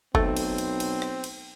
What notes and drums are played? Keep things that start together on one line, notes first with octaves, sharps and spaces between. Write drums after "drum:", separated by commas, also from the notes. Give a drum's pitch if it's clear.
B1 A3 C4, drum: kick F#1
drum: cymbal
drum: cymbal
drum: cymbal
drum: rim click
drum: cymbal